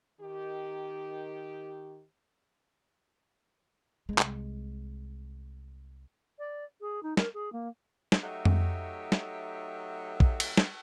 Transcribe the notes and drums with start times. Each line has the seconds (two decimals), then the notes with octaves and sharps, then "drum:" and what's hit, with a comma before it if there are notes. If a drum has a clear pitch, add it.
0.20 D#3 G4
4.09 C2 G#3
4.18 drum: clap
6.39 D5
6.81 G#4
7.03 D#4
7.17 A#4, drum: snare
7.34 G#4
7.52 A#3
8.12 drum: snare
8.23 F#3 A3 D#4 G4 E5
8.45 drum: tom F2
9.12 drum: snare
10.20 drum: kick
10.40 drum: cymbal
10.57 drum: snare